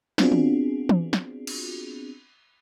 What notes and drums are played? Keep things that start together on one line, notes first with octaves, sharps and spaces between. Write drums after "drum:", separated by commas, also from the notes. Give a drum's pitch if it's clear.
B3 C4 D4 F4 F#4 G#4, drum: snare
drum: tom D#3
drum: tom E3
drum: snare
drum: cymbal